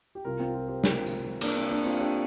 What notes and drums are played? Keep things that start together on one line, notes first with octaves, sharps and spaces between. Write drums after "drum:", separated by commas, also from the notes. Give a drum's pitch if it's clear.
G4
C2 C3 F4 A#4
C4 F4
F4 A#4
G4 C5
F4 A#4, drum: snare
drum: tambourine
A#3 D4, drum: cymbal
C4
A#3 D4
C4 F4
D4 G4